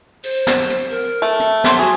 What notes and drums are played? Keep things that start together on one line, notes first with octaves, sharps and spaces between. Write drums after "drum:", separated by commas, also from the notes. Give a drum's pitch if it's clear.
C5, drum: open hi-hat
drum: snare
drum: hi-hat
A#4
A3
drum: hi-hat
C6, drum: snare
F#4 G#4